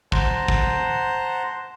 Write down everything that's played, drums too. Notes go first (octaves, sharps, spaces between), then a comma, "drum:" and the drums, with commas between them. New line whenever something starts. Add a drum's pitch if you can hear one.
C5 F#5 A5 A#5 C6, drum: kick
drum: kick